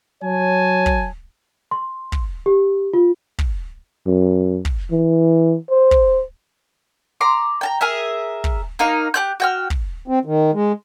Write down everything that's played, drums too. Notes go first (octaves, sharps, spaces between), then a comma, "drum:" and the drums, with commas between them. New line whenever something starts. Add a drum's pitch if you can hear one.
F#3 C#5 G#5 A5
drum: kick
C6
drum: kick
G4
F4
drum: kick
F#2
drum: kick
E3
C5
drum: kick
A#5 C6 D6
G5 A5 A#5
G#4 A#4 E5
drum: kick
A#3 D#4 F5
G4 F#6 G6
F#4 G5 F6
drum: kick
C4
D#3
G#3